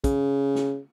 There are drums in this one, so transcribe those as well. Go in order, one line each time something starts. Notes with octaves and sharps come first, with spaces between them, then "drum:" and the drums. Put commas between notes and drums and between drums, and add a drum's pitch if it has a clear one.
C#3, drum: kick, hi-hat
drum: snare